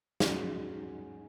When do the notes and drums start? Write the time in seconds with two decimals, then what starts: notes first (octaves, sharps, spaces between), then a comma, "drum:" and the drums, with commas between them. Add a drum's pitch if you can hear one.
0.20 G#2 F#3 C#4 G#4, drum: snare